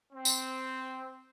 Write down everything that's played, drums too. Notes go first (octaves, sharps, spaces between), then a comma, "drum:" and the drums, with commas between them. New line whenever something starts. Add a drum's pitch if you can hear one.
C4
drum: tambourine